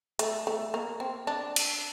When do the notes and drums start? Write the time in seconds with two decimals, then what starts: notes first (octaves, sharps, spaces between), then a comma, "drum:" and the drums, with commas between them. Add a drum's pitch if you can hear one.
0.19 A3, drum: hi-hat
0.47 A3
0.74 A#3
1.00 C4
1.27 D4
1.56 drum: cymbal